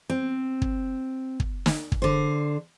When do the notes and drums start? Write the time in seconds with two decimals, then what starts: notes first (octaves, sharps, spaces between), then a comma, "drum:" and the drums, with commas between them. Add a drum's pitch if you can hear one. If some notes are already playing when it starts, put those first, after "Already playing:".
0.10 C4
0.62 drum: kick
1.40 drum: kick
1.66 drum: snare
1.92 drum: kick
2.02 D3 C5